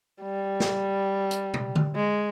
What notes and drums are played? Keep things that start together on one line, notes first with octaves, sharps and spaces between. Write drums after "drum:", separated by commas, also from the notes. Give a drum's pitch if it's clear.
G3
drum: snare
drum: hi-hat
drum: tom
drum: tom D3
G#3